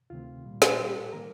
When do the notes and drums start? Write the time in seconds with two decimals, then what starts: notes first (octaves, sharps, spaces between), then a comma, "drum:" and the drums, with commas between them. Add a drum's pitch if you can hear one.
0.10 D2 C3 D#3 A3 C4 F4
0.45 A#2 G3 A#3
0.62 drum: snare
0.79 A2 G3 A#3 G4
0.96 A4
1.13 D#3 A#3 A#4